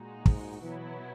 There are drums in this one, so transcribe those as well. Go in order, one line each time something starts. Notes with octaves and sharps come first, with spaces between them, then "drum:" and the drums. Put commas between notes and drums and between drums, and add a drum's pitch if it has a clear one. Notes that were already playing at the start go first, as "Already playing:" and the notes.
Already playing: A#2 G#3 D#4 F#4
G#2, drum: kick
B2 E3 F#3 B3 E4